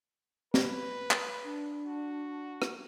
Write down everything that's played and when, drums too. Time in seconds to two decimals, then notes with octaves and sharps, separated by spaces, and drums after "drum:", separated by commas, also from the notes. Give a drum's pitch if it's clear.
0.54 B4, drum: snare
1.11 drum: clap
1.44 D4
1.84 F#4
2.62 drum: rim click